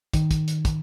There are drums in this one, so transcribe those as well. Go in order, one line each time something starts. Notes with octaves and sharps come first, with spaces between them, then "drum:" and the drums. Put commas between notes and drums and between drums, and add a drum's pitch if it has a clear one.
D#3, drum: kick, hi-hat
drum: kick, hi-hat
drum: hi-hat
drum: kick, hi-hat